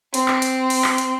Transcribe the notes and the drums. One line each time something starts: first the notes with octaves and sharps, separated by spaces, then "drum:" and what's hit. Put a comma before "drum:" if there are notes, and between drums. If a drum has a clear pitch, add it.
C4, drum: hi-hat
drum: clap
drum: hi-hat
drum: open hi-hat
drum: clap
drum: hi-hat